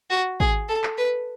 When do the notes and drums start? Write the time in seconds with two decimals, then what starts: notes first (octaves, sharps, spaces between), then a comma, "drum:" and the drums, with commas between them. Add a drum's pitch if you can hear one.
0.10 F#4
0.40 G#4, drum: kick
0.69 A4
0.84 drum: clap
0.98 B4